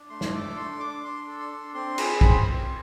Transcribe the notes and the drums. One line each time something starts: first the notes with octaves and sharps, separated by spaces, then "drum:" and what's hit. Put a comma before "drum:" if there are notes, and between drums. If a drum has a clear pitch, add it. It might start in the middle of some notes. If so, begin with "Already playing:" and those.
Already playing: D4
A3 C6
drum: snare
A4 D6
D4 C6
D4 D6
D4 C6
A4
C6
D4
C4 C6
G#4 B5, drum: cymbal
C4 B5, drum: kick A#1
C4